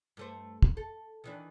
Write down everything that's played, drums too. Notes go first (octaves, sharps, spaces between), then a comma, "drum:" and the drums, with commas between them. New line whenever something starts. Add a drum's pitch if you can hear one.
G2 A3 C5
drum: kick
A4
D#3 E3 D4